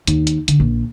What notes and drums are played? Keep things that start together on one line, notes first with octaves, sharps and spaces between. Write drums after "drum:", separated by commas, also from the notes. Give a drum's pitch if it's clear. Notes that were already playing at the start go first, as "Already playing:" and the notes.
D#2, drum: hi-hat
drum: hi-hat
D3, drum: hi-hat
A#1